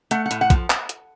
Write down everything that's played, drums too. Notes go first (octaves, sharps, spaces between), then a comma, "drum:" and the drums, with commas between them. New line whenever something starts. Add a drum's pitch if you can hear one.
A3 F#5, drum: hi-hat
F#5
A2, drum: hi-hat
F#5
F3, drum: kick, hi-hat
drum: clap
drum: hi-hat